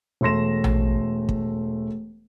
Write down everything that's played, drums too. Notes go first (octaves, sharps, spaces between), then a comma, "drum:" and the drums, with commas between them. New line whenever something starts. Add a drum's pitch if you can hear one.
E1 A3 C6 A#6 E7
drum: tom A#1
drum: kick